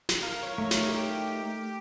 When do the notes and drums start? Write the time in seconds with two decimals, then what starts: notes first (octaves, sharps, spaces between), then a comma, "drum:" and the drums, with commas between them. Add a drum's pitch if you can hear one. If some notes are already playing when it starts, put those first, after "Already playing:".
0.09 drum: snare
0.23 A#4 F5
0.43 C#5
0.58 A3 D#4 A#4
0.71 drum: snare
0.87 G4